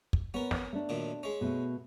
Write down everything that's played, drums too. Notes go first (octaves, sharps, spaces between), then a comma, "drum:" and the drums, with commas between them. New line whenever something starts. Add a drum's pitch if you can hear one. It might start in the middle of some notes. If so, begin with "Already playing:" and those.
drum: kick
B3 C#4 A#4
drum: snare
A3 D4
F#2 A#2 D#3
G#3 C#4
B2 A3